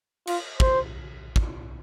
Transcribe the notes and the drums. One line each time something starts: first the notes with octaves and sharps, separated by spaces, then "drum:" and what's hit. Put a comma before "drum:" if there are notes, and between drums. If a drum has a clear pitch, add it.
F4, drum: cymbal
C5, drum: kick
drum: kick